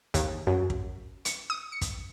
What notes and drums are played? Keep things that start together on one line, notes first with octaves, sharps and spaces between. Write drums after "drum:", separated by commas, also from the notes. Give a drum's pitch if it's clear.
D#2, drum: kick, hi-hat
F#2
drum: kick
C#7, drum: hi-hat
D#6
C#7
drum: kick, hi-hat